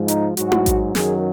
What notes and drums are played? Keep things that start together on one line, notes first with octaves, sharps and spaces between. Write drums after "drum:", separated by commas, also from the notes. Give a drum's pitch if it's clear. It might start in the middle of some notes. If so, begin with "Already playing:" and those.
Already playing: G#2 F3 G#3
D#4, drum: hi-hat
G#2 F#3 F#4, drum: hi-hat
drum: tom E4
drum: kick A1, hi-hat
F#2 D#3 F#3 G#4, drum: snare